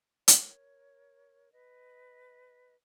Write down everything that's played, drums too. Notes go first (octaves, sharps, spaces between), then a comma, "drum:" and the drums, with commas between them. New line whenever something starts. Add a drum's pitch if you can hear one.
A#4 C#5, drum: hi-hat
B4 D#5